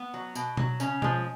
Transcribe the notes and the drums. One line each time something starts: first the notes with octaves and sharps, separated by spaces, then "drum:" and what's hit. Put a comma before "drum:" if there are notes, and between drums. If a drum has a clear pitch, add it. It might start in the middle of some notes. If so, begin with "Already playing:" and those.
Already playing: B3
F#3
B2, drum: tambourine
F#3, drum: tom B2
C#3 C#4, drum: tambourine
F3 G#3, drum: tom B2